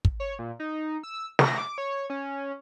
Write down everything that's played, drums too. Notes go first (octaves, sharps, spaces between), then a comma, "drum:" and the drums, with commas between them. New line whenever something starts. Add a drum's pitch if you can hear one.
drum: kick
C#5
A#2
D#4
E6
A#6, drum: snare
D6
C#5
C#4